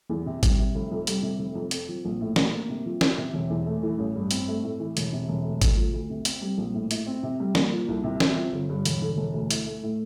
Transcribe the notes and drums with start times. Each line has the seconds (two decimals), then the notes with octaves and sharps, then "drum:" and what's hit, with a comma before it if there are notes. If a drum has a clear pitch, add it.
0.10 E2
0.26 C3
0.43 G3, drum: kick G#1, hi-hat
0.59 C3
0.75 F1
0.91 F2
1.07 G3, drum: hi-hat
1.23 C3
1.39 F1
1.55 F2
1.71 C4, drum: hi-hat
1.89 F3
2.05 A#1
2.21 A2
2.36 D4, drum: snare
2.52 A#3
2.70 C3
2.86 F3
3.01 E3, drum: snare
3.18 C3
3.34 E1
3.50 E2
3.66 A3
3.83 E3
3.98 A1
4.16 G2
4.31 C4, drum: hi-hat
4.47 A3
4.63 A2
4.80 E3
4.97 E1, drum: hi-hat
5.13 C3
5.28 E1
5.44 D2
5.61 D2, drum: kick G#1, hi-hat
5.77 F3
5.93 D2
6.10 C3
6.25 C4, drum: hi-hat
6.41 G3
6.58 A#1
6.74 A2
6.91 E4, drum: hi-hat
7.07 C4
7.23 C3
7.40 G3
7.55 A#3, drum: snare
7.72 F3
7.88 C2
8.04 C3
8.20 C4, drum: snare
8.36 F3
8.52 G1
8.69 G2
8.85 E1, drum: hi-hat
9.02 D3
9.17 E1
9.34 D2
9.51 E4, drum: hi-hat
9.66 A3
9.83 A2